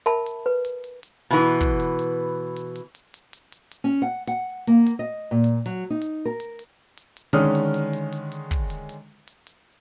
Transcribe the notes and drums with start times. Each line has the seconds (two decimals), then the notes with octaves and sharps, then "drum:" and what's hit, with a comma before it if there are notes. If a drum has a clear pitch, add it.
0.06 A#4 E5 A5 B5, drum: hi-hat
0.26 drum: hi-hat
0.46 B4
0.65 drum: hi-hat
0.84 drum: hi-hat
1.03 drum: hi-hat
1.30 B2 E3
1.61 drum: kick, open hi-hat
1.80 drum: hi-hat
1.99 drum: hi-hat
2.56 drum: hi-hat
2.76 drum: hi-hat
2.95 drum: hi-hat
3.14 drum: hi-hat
3.33 drum: hi-hat
3.52 drum: hi-hat
3.71 drum: hi-hat
3.84 C#4
4.02 F#5
4.27 F#5, drum: hi-hat
4.67 A#3, drum: hi-hat
4.87 drum: hi-hat
4.99 D#5
5.31 A#2
5.44 drum: hi-hat
5.66 F#3, drum: hi-hat
5.90 D#4
6.02 drum: hi-hat
6.25 A#4
6.40 drum: hi-hat
6.59 drum: hi-hat
6.97 drum: hi-hat
7.17 drum: hi-hat
7.33 D3 D#3 G#3 C#4 D#6 F6, drum: hi-hat
7.55 drum: hi-hat
7.74 drum: hi-hat
7.93 drum: hi-hat
8.12 drum: hi-hat
8.32 drum: hi-hat
8.51 drum: kick, open hi-hat
8.70 drum: hi-hat
8.89 drum: hi-hat
9.28 drum: hi-hat
9.47 drum: hi-hat